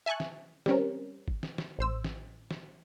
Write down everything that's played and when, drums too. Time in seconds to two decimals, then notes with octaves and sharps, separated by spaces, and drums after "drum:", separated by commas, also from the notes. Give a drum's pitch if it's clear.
0.06 E5 G#5 A5 C#6 F#6
0.20 drum: snare
0.66 G3 C4 C#4 A#4, drum: snare
1.28 drum: kick G#1
1.43 drum: snare
1.58 drum: snare
1.79 A1 C5 E6
2.04 drum: snare
2.51 drum: snare